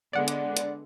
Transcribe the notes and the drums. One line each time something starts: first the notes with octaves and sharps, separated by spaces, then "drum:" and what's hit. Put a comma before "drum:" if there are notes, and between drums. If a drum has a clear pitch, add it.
D3 G#3 B3 D5 F#5
drum: hi-hat
drum: hi-hat